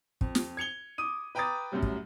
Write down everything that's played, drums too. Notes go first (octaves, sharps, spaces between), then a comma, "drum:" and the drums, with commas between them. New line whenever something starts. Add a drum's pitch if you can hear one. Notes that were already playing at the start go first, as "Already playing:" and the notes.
F2, drum: kick
drum: snare
G#6 C#7 F7 G7
D6 D#6 D#7
B4 G5 A#5 D6 D#6 A6
F#2 A2 F#3 G3
drum: kick